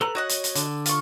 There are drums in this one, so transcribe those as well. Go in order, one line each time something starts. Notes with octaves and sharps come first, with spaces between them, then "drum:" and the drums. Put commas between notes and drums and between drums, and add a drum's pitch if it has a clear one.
A4 B4 A#5 F#6
F#4 C#5 D#5 F#5
drum: hi-hat
drum: hi-hat
D3, drum: hi-hat
F4 C#6, drum: hi-hat